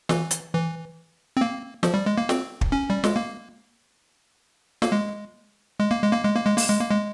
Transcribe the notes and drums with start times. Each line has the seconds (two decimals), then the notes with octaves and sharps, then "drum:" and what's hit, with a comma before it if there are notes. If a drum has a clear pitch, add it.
0.09 E3, drum: snare
0.31 drum: hi-hat
0.54 E3
1.37 C4
1.41 A#3
1.83 F3, drum: snare
1.94 G3
2.06 G#3
2.18 A#3
2.29 C4, drum: snare
2.61 drum: kick
2.72 C#4
2.90 G3
3.04 G#3, drum: snare
3.16 A#3
4.82 A#3, drum: snare
4.92 G#3
5.79 G#3
5.91 A#3
6.02 G#3
6.13 A#3
6.24 G#3
6.36 A#3
6.46 G#3
6.58 A#3, drum: open hi-hat
6.69 G#3
6.80 A#3
6.91 G#3